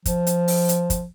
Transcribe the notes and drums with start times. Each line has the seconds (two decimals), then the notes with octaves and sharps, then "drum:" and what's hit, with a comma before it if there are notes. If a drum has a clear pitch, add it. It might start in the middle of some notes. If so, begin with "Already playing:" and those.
0.06 F3, drum: kick, hi-hat
0.27 drum: hi-hat
0.48 drum: open hi-hat
0.69 drum: hi-hat
0.90 drum: kick, hi-hat